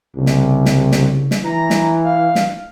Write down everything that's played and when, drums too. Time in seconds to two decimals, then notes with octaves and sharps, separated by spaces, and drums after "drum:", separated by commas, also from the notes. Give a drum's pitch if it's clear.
0.16 C2 C#3
0.26 drum: snare
0.66 drum: snare
0.92 drum: snare
1.31 drum: snare
1.44 E3 A#5
1.70 drum: snare
2.04 F5
2.35 drum: snare